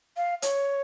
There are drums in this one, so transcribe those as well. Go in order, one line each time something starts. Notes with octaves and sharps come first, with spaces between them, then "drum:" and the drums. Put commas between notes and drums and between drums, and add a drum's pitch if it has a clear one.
F5
C#5, drum: hi-hat